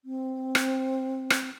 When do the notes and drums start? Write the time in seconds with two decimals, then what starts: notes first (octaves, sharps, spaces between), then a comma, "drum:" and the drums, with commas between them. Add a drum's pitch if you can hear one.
0.05 C4
0.55 drum: rim click
1.30 drum: rim click